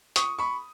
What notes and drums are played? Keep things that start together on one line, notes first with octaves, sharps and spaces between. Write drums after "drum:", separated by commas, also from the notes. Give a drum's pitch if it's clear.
C#6 D#6, drum: hi-hat
B5 C#6